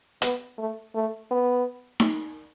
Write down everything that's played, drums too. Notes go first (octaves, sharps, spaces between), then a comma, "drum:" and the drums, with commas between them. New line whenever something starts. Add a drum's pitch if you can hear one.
B3, drum: hi-hat
A3
A3
B3
drum: snare D#4